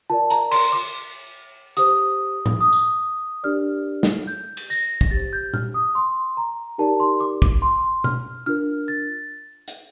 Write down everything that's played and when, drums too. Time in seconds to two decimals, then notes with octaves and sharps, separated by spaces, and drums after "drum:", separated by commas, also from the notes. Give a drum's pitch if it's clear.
0.10 F4 A#4 D5 A5
0.30 A#5, drum: hi-hat
0.51 C6, drum: cymbal
0.72 D6
1.77 G4 C5 D#6, drum: hi-hat
2.46 drum: tom A2
2.61 D#6
2.73 drum: tambourine
3.43 D4 G4 A#4 D5 F6
4.03 drum: snare
4.27 G6
4.57 drum: cymbal
4.70 A#6, drum: tambourine
5.01 drum: kick
5.11 G4 A6
5.16 C5
5.33 G6
5.54 F6, drum: tom A#2
5.74 D#6
5.95 C6
6.37 A#5
6.78 D#4 G4 A#4 D5 A5
7.00 C6
7.20 D6
7.42 D6, drum: kick
7.62 C6
8.04 F6, drum: tom B2
8.46 D4 F4 A#4 F6
8.88 A6
9.68 drum: hi-hat